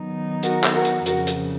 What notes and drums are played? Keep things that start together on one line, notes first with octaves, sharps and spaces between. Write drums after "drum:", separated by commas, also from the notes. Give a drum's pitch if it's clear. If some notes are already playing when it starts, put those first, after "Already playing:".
Already playing: D#3 F#3 B3 D#4
F#4 A#4, drum: hi-hat
drum: clap
F#4 A#4
drum: hi-hat
F2 C#3 F3 F#4 A#4, drum: hi-hat
drum: hi-hat